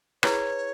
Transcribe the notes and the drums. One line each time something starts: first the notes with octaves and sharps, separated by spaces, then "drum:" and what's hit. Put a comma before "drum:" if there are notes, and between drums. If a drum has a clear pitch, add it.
E4 G#4 B4 C#5, drum: rim click